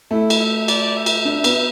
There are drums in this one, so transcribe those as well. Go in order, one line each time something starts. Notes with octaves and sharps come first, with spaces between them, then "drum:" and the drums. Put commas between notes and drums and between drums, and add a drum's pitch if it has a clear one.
A3 E4
drum: cymbal
E5
D5, drum: cymbal
E5
drum: cymbal
D4
B3, drum: cymbal